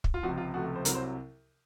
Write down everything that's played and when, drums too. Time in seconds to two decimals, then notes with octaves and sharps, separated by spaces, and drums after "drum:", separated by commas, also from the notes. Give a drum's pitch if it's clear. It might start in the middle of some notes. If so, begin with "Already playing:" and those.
0.04 drum: kick
0.14 F4
0.23 C#2 C3 F3 F#4
0.38 F4
0.54 C#2 C3 F3 A3 F#4
0.76 C5
0.85 C2 C3 F#3 A#4, drum: hi-hat
0.95 C5